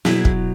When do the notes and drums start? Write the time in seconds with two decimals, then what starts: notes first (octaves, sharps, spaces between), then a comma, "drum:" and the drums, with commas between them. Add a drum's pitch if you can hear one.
0.05 B2 F#3 E4 G#4, drum: snare
0.25 drum: kick